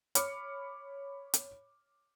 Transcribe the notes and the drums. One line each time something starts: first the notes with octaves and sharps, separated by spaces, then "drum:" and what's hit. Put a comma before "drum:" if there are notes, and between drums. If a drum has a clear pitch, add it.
C#5 B5 D6 F6 C#7, drum: hi-hat
drum: hi-hat